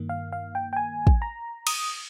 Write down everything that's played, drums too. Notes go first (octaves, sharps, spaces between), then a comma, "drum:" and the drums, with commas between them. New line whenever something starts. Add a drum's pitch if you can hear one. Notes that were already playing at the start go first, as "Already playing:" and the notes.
Already playing: G2 D#3 A#3
F5
F5
G5
G5
G#5
drum: kick
A#5
D#6, drum: cymbal